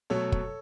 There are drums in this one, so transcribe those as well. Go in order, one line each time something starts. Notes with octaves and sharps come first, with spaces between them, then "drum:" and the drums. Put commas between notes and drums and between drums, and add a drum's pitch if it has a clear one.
B2 F#3 A3 A4 C#5
drum: kick